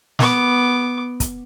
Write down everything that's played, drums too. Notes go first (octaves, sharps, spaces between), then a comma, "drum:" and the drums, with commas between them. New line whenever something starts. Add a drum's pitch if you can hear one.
B3 D6, drum: snare
drum: kick, hi-hat